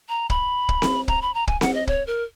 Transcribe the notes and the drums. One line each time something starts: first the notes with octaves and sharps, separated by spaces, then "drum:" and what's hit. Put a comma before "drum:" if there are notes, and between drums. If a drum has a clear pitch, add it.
A#5
B5, drum: kick
drum: kick
drum: snare C4
A#5, drum: kick
B5
A#5
G#5, drum: kick
F#5, drum: snare C4
D#5
C#5, drum: kick
A#4